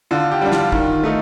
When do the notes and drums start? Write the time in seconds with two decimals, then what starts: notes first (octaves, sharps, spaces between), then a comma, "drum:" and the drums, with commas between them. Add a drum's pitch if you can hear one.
0.11 D3 F4
0.31 G4
0.42 G3 D4
0.52 F4, drum: snare
0.72 D#3, drum: kick
1.03 A3 D#4